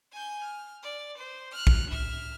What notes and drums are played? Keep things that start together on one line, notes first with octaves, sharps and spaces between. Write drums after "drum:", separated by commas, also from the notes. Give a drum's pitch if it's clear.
G#5 G6
F6
D5
C5
F6 F#6
drum: kick
E5 F6